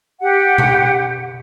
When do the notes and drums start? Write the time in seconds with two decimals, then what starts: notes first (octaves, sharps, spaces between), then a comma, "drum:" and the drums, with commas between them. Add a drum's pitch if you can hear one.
0.21 G4 F#5
0.58 drum: tom B2